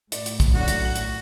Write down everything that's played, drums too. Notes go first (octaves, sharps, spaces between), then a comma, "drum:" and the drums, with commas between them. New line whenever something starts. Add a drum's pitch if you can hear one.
A2 D5, drum: hi-hat
drum: hi-hat
drum: kick, hi-hat
F#3 A3 D4 F#4
drum: hi-hat
F#7
drum: hi-hat